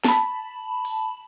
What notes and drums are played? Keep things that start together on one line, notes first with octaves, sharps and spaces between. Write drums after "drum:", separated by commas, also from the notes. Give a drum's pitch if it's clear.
A5 B5, drum: snare
drum: open hi-hat